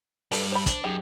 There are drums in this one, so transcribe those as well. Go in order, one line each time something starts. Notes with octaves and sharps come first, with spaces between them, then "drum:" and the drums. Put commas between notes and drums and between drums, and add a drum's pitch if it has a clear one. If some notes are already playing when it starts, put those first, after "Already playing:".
G2 A4 B4, drum: open hi-hat
C5 B5
D4, drum: kick, hi-hat
F#2 D#4 G4 G#4